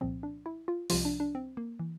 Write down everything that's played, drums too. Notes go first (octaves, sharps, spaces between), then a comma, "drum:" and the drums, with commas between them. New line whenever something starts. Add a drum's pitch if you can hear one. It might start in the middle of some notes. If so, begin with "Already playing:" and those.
C2 A#2 F3 C4
D4
E4
F4
C2 C3 F3 F4, drum: open hi-hat
D4
D4
C4
A#3
E3